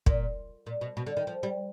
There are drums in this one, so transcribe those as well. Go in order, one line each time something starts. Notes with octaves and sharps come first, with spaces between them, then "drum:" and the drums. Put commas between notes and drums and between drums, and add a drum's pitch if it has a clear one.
A#2, drum: kick
A#2
B2
B2
D3
D#3
F3
G3